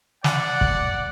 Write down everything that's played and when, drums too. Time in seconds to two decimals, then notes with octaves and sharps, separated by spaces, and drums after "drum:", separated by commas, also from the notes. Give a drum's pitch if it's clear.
0.24 D5 F#5, drum: snare
0.61 drum: kick